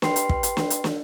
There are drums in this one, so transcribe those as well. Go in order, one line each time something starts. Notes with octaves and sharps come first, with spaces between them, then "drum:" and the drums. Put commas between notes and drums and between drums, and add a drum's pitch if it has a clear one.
G4 B4 G5 C6 C7, drum: snare
drum: hi-hat
drum: kick
drum: hi-hat
drum: snare
drum: hi-hat
drum: snare